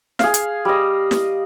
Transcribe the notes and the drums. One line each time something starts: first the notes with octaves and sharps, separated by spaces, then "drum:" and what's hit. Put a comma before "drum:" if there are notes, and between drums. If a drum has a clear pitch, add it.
G#4 F5, drum: snare
drum: hi-hat
G3 D#5
drum: snare